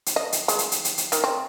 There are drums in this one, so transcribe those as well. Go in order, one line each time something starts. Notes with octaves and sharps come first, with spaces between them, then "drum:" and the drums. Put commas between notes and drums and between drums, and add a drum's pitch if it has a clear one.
drum: hi-hat
D#5
drum: hi-hat
G#3, drum: hi-hat
drum: hi-hat
drum: hi-hat
drum: hi-hat
drum: hi-hat
D#3, drum: hi-hat
C4